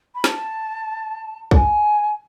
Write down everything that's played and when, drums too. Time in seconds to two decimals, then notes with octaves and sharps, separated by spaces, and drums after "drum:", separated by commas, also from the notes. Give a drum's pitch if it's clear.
0.15 B5
0.24 A5, drum: snare
1.51 A5, drum: kick
1.56 G#5